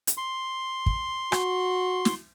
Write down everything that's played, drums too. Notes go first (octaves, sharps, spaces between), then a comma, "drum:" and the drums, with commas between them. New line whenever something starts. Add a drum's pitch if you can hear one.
drum: hi-hat
C6
drum: kick
F#4, drum: rim click
drum: snare